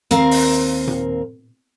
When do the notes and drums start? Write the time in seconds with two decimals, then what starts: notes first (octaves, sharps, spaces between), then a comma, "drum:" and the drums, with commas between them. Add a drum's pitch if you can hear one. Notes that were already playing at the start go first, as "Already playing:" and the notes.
0.11 D#2 C4 A#4 F5, drum: hi-hat
0.31 drum: open hi-hat
0.87 drum: tom A#2